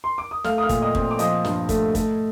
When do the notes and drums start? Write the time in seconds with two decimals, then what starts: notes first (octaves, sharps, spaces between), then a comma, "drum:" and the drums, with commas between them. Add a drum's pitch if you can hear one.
0.04 C6
0.18 D6
0.31 D#6
0.44 A3 F5 F6, drum: snare
0.58 D#6
0.63 F5 F6
0.69 A#2, drum: kick, hi-hat
0.82 D#5 D#6
0.95 C4, drum: kick
1.11 D6
1.19 F3 D#5 D#6, drum: hi-hat
1.45 G2, drum: snare
1.69 A3, drum: kick, hi-hat
1.95 A3, drum: kick, hi-hat